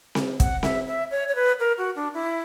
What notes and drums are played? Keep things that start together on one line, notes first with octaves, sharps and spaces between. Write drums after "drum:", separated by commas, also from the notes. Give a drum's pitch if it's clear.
drum: snare C4
F#5, drum: kick, hi-hat
E5, drum: snare C4
E5
C#5
C#5
B4
A#4
F#4
D4
E4